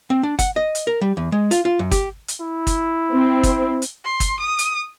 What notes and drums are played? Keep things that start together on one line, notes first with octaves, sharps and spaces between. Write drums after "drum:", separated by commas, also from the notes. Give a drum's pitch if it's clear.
C4
D4
F#5, drum: kick, hi-hat
D#5
drum: hi-hat
A#4
G3
E2
G#3
F4, drum: hi-hat
F4
F#2
G4, drum: kick, hi-hat
drum: hi-hat
E4
drum: kick, hi-hat
C4
drum: kick, hi-hat
drum: hi-hat
C6
drum: kick, hi-hat
D#6
drum: hi-hat